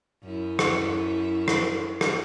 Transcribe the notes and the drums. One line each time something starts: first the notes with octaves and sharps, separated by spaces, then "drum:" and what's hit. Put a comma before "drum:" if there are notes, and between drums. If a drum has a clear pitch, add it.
F#2 E4
drum: rim click
drum: rim click
drum: rim click